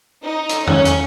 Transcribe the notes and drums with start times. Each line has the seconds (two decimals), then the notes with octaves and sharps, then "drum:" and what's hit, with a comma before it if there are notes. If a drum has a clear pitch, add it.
0.23 D#4
0.49 drum: hi-hat
0.67 C#4, drum: tom E2
0.85 drum: hi-hat